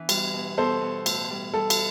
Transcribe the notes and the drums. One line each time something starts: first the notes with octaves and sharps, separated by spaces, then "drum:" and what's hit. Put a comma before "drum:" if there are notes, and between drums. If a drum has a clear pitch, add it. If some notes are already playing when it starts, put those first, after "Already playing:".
Already playing: E3 B3 D4
G3, drum: cymbal
B2
B2 A4 C5
B2
A2, drum: cymbal
G3
G3 A4
drum: cymbal